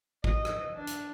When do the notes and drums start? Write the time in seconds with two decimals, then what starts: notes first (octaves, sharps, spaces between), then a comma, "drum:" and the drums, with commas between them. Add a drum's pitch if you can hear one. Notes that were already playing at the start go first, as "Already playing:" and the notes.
0.24 D#5, drum: kick
0.45 drum: rim click
0.75 D4
0.87 drum: hi-hat